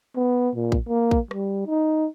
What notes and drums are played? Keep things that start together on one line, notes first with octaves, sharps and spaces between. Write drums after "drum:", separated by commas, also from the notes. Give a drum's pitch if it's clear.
B3
A#2
drum: kick
A#3
drum: kick
G3, drum: rim click
D#4